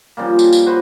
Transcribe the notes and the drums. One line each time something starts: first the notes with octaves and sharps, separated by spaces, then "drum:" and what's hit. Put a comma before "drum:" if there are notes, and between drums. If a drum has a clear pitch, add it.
C#3 F3 G3 A#3
drum: tambourine
drum: tambourine
F#4 B4 C5